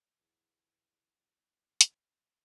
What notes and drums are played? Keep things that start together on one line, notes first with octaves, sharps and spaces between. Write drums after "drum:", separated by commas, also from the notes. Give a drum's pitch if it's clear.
B1 E2 E4
drum: hi-hat